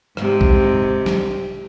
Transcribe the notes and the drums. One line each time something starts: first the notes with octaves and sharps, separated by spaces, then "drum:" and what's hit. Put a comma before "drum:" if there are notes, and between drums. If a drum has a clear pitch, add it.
G#2 C3, drum: rim click
drum: kick A#1
drum: snare